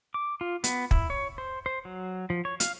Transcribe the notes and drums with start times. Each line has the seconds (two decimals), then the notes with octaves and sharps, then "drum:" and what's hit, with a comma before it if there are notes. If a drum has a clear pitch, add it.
0.14 D6
0.41 F4
0.64 B3, drum: hi-hat
0.91 E4, drum: kick
1.10 C#5
1.38 C5
1.66 C5
1.85 F#3
2.30 F3
2.45 C#5
2.60 F5, drum: hi-hat